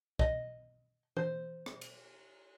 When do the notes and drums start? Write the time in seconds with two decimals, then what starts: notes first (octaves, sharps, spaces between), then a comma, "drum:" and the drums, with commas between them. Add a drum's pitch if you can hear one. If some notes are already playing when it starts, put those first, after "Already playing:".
0.19 D#5, drum: kick
1.17 C5, drum: tom E3
1.66 drum: rim click
1.81 drum: cymbal